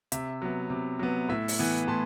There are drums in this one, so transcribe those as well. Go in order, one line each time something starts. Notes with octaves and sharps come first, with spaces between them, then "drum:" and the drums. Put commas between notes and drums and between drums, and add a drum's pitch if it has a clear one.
C3 E5, drum: hi-hat
F#3 B3
C3
F#3 B3
A2 E5
drum: open hi-hat
E3 B3
A2 A5 C6